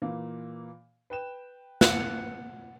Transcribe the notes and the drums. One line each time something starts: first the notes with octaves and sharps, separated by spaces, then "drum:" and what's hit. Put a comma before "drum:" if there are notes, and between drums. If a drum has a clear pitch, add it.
A#2 E3 A#3
B4 G5 E7
F#5, drum: snare